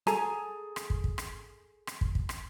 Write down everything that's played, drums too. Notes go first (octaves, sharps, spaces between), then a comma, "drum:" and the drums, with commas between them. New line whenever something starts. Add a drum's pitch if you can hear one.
G#4 A4 G#5 A#5, drum: rim click
drum: rim click
drum: kick
drum: kick
drum: rim click
drum: rim click
drum: kick
drum: kick
drum: rim click